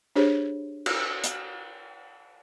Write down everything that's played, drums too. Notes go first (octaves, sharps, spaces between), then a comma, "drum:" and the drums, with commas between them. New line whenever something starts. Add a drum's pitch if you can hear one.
D4 G4 G#4 C5 C#5
drum: cymbal
drum: hi-hat